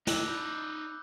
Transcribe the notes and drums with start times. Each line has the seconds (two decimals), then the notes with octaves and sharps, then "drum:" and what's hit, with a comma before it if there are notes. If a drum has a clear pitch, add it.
0.07 D#4 D5 D6 E6 F#6, drum: snare
0.28 B5 E6 G6